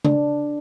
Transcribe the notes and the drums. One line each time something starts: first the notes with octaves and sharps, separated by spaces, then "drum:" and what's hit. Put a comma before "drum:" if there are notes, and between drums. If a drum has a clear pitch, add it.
D4, drum: tom C#3